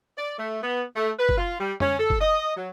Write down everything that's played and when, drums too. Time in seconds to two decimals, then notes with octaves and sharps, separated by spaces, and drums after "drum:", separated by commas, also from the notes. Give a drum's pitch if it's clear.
0.17 D5
0.38 A3
0.62 B3
0.95 A3
1.19 B4
1.29 drum: kick
1.38 F4
1.59 G3
1.80 C#4, drum: tom F2
1.99 A4
2.10 drum: kick
2.20 D#5
2.56 F#3